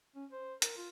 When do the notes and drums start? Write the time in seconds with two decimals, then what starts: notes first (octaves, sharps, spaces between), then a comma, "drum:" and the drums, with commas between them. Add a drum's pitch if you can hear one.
0.16 C#4
0.32 C5
0.62 A#4, drum: hi-hat
0.77 F4